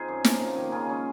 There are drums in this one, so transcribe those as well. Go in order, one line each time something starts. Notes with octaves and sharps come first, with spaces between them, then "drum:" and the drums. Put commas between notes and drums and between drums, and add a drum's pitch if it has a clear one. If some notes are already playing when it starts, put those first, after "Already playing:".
Already playing: C4 D#4 F4 G#4
F#2
F3 A#3, drum: snare
C3
D#3 A#3
C#3 F4 G#4
G#3 C#4